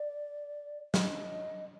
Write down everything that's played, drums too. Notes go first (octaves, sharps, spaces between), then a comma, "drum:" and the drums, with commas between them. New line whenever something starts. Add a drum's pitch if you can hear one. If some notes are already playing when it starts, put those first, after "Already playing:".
Already playing: D5
D#5, drum: snare